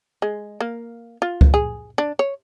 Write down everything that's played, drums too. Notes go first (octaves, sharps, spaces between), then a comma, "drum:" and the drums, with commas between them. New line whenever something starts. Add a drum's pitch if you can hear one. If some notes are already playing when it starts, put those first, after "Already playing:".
G#3
A#3
F4
drum: kick C#2
G#4
D4
C#5